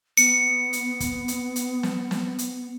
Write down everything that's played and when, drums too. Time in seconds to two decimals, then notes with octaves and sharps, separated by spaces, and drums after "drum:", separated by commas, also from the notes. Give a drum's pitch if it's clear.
0.17 B3 C#7, drum: hi-hat
0.73 drum: hi-hat
1.00 drum: kick, hi-hat
1.28 drum: hi-hat
1.56 drum: hi-hat
1.83 drum: snare
2.11 drum: snare
2.39 drum: hi-hat